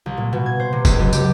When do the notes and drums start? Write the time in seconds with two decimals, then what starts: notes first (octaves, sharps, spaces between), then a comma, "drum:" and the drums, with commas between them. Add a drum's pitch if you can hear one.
0.06 C2
0.17 A#2
0.33 B2
0.46 G#6
0.60 C5
0.73 C3
0.85 C#2, drum: kick, tambourine
0.99 F#2
1.13 G4, drum: tambourine